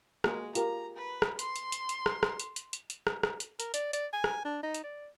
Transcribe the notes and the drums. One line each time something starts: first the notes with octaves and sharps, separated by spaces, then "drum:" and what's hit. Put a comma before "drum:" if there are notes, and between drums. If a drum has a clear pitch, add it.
G#3 A#3 F#4 G#4, drum: rim click
F4 G4 A#4 A#5, drum: hi-hat
B4
drum: rim click
C6, drum: hi-hat
drum: hi-hat
drum: hi-hat
drum: hi-hat
drum: rim click
drum: rim click
drum: hi-hat
drum: hi-hat
drum: hi-hat
drum: hi-hat
drum: rim click
drum: rim click
drum: hi-hat
A#4, drum: hi-hat
D5, drum: hi-hat
D5, drum: hi-hat
G#5
drum: rim click
D4
D#4
drum: hi-hat
D5